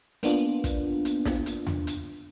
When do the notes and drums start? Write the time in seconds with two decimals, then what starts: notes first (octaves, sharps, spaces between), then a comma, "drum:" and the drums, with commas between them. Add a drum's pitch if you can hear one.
0.23 A#3 B3 D4 F4, drum: hi-hat
0.64 drum: kick, hi-hat
1.05 drum: hi-hat
1.25 drum: snare
1.46 drum: hi-hat
1.67 drum: tom E2
1.87 drum: hi-hat